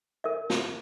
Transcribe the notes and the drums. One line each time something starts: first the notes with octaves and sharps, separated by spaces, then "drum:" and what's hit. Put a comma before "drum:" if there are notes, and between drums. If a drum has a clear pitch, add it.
A#4 E5
drum: snare